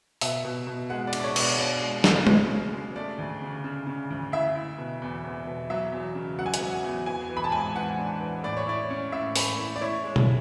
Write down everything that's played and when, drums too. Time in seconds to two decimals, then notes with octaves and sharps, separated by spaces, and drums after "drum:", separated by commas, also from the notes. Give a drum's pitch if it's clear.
0.21 B2 E5, drum: open hi-hat
0.45 B2
0.67 B2
0.90 G#3 F#5
1.07 D5
1.13 D4, drum: cymbal
1.20 D5
1.24 C#5
1.36 B2, drum: cymbal
1.41 D5
1.58 D4 D5
1.81 G#3
2.04 C#3, drum: snare
2.27 G#3, drum: tom
2.50 C#3
2.73 G#3
2.96 A3 D5
3.18 D2
3.42 C#3
3.64 C#3
3.87 C#3
4.10 D2
4.32 E4 E5
4.55 E4
4.78 B2
5.02 E2
5.25 E2
5.47 B2
5.70 F#3 E5
5.92 E2
6.15 C#3
6.38 F#3 F#5
6.46 G#5
6.54 F#5, drum: hi-hat
6.61 F#3
6.84 E2
7.06 E3 G#5
7.29 E3
7.37 B5
7.44 A5
7.52 G#2 G#5
7.76 E3 F#5
7.98 D4
8.21 E3
8.43 A2 D5
8.57 C#5
8.67 E4 D5
8.90 C#4
9.12 A2 E5
9.36 A2, drum: open hi-hat
9.58 E4
9.76 D5
9.81 E4 C#5
10.04 G#3
10.16 drum: tom B2